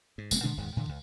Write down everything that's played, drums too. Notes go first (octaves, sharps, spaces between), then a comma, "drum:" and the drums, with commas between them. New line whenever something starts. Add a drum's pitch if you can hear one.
G#2
E1 G#3 A#3 C4, drum: tambourine
A#2 D3 G#3 D4
D#1 D#2 G#2 G#3
A2 D3 E3
C#2